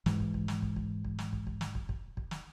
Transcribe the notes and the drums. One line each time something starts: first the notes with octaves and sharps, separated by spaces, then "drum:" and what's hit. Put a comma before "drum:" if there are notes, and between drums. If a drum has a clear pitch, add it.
G#2 E3 G#3, drum: snare
drum: kick
drum: kick
drum: snare
drum: kick
drum: kick
drum: kick
drum: snare
drum: kick
drum: kick
drum: snare
drum: kick
drum: kick
drum: kick
drum: snare